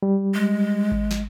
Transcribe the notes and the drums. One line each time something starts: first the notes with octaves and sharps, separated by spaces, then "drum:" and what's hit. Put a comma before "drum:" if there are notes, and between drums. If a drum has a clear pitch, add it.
G3
G#3
drum: kick G#1
drum: snare